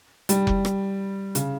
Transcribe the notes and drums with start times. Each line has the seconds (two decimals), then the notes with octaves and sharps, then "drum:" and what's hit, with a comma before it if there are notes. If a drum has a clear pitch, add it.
0.29 G3, drum: hi-hat
0.47 drum: kick F1
0.65 drum: rim click
1.35 C#3, drum: hi-hat